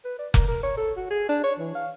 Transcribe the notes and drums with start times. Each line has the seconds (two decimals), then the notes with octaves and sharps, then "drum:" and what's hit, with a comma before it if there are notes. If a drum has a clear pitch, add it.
0.05 B4
0.19 D5
0.34 A#4, drum: kick F1
0.48 A#4
0.63 C#5
0.77 A4
0.97 F#4
1.10 G#4
1.29 D4
1.44 C#5
1.59 E3
1.75 F5